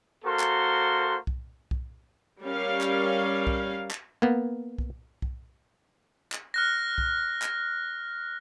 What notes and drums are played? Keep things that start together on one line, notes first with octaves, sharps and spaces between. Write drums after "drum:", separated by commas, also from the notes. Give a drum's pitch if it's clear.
A#3 F#4 A4 A#4 C5 C6
drum: clap
drum: kick B1
drum: kick B1
G3 C#4 A#4 F5
drum: clap
drum: kick B1
drum: clap
A#3 B3
drum: kick B1
drum: kick B1
drum: clap
F6 F#6 A#6
drum: kick B1
drum: clap